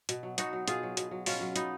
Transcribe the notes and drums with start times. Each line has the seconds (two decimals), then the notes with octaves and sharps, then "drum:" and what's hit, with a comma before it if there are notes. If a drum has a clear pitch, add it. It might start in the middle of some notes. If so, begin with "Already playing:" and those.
0.09 B2, drum: hi-hat
0.23 F#3
0.38 B2 D#4 F#4, drum: hi-hat
0.53 F#3
0.68 B2 F4 G#4, drum: hi-hat
0.83 F#3
0.97 B2, drum: hi-hat
1.11 F#3
1.26 B2 C#4 F4, drum: open hi-hat
1.41 F#3
1.56 B2 B3 D#4, drum: hi-hat